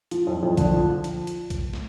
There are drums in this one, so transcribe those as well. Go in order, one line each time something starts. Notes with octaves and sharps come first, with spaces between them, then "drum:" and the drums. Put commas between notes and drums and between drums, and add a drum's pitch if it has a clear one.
F3, drum: hi-hat
F2
F2
D3, drum: kick, hi-hat
F3
drum: hi-hat
drum: hi-hat
drum: kick, hi-hat
drum: snare